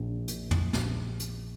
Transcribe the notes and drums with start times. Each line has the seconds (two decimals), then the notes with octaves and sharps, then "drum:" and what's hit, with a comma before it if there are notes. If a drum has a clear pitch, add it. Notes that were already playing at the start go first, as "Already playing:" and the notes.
Already playing: A#1 A#2
0.28 A#2, drum: hi-hat
0.51 drum: tom F2
0.73 A#1, drum: snare
1.20 drum: hi-hat